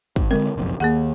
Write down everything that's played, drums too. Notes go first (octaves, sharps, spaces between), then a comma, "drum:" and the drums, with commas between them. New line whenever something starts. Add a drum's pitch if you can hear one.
G#1, drum: kick
D3 G#3 C4 A#4
F#1 B1 F2
D#2 A#3 G#4 F#5